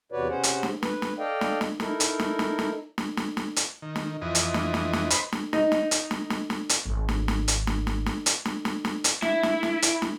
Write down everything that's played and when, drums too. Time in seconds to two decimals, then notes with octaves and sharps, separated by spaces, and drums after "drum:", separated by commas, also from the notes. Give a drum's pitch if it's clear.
0.12 E2 C3 F#4 B4 C#5 D5
0.29 C3 C#4 G#4 C5 F#5
0.43 drum: hi-hat
0.63 drum: snare
0.83 B4, drum: snare
1.02 drum: snare
1.18 A4 D5 D#5 F5 G5
1.41 drum: snare
1.61 drum: snare
1.80 D#4 E4 A4 A#4, drum: snare
2.00 drum: hi-hat
2.20 drum: snare
2.39 drum: snare
2.59 drum: snare
2.98 drum: snare
3.17 drum: snare
3.37 drum: snare
3.56 drum: hi-hat
3.82 D#3
3.96 drum: snare
4.22 F2 E3 D#5
4.35 drum: hi-hat
4.54 drum: snare
4.74 drum: snare
4.93 drum: snare
5.10 B4 C5 D#5 B5, drum: hi-hat
5.32 drum: snare
5.53 D#4, drum: snare
5.72 drum: snare
5.91 drum: hi-hat
6.11 drum: snare
6.30 drum: snare
6.50 drum: snare
6.69 drum: hi-hat
6.85 G#1
7.09 drum: snare
7.28 drum: snare
7.48 drum: hi-hat
7.67 drum: snare
7.87 drum: snare
8.06 drum: snare
8.26 drum: hi-hat
8.45 drum: snare
8.65 drum: snare
8.85 drum: snare
9.04 drum: hi-hat
9.22 E4, drum: snare
9.43 drum: snare
9.63 drum: snare
9.82 drum: hi-hat
10.02 drum: snare